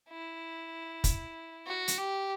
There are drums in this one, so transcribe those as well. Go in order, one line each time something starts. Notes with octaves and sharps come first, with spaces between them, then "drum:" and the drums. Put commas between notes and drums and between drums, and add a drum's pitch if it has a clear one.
E4
drum: kick, hi-hat
F#4
drum: hi-hat
G4